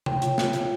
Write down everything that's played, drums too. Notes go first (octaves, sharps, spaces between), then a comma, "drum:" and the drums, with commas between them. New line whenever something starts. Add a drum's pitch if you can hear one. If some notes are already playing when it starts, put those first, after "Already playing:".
C#5 G5, drum: tom C3
F4, drum: hi-hat
C#5, drum: snare
F4, drum: hi-hat